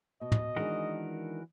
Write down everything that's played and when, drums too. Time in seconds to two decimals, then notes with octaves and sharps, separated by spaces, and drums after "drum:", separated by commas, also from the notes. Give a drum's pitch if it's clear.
0.21 B2 D#5
0.32 drum: tom
0.56 D#3 E3 G#3 D4 F#4 A#4